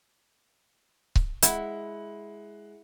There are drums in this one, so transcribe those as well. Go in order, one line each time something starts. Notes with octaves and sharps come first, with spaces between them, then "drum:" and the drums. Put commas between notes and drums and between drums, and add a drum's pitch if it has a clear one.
drum: kick C#1
G#3 E4 F#5, drum: hi-hat